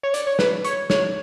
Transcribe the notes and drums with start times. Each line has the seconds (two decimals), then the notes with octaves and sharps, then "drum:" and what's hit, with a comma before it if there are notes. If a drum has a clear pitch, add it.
0.03 C#5
0.14 D5, drum: hi-hat
0.27 C#5
0.39 B4, drum: snare
0.65 C#5, drum: hi-hat
0.90 C#5, drum: snare